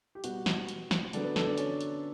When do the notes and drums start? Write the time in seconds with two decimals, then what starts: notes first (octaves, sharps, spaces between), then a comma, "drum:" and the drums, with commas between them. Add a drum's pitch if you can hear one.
0.15 G4
0.24 B2 G3 B3 F#4, drum: hi-hat
0.46 drum: snare
0.69 drum: hi-hat
0.91 drum: snare
1.13 D3 F#3 B3 D4, drum: hi-hat
1.24 B4
1.36 A4, drum: snare
1.47 D4
1.58 C#4, drum: hi-hat
1.81 drum: hi-hat